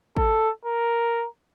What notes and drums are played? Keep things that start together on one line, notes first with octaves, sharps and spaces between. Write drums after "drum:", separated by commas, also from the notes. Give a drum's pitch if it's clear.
A4, drum: kick
A#4